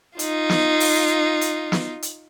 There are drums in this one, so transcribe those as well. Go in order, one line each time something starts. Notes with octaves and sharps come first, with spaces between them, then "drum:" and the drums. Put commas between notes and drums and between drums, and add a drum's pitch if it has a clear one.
D#4 F4, drum: hi-hat
drum: snare
drum: open hi-hat
drum: hi-hat
drum: snare
drum: hi-hat